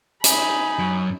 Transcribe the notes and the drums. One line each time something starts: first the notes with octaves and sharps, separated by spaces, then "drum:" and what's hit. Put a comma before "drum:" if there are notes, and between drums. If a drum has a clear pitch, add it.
D#4 G#5 B5, drum: hi-hat
F#2